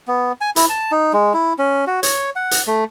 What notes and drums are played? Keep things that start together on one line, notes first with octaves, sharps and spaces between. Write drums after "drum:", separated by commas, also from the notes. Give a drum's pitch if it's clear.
B3
G#5
E4, drum: hi-hat
A5
D#4
G#3
E4
C#4
F#4
C#5, drum: hi-hat
F#5
drum: hi-hat
A3